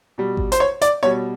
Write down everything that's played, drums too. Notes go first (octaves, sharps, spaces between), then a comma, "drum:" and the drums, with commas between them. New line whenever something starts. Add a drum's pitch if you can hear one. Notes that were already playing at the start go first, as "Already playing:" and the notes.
B2 G3
drum: kick G#1
C5, drum: hi-hat
C#5
D5, drum: hi-hat
B2 G3 C#5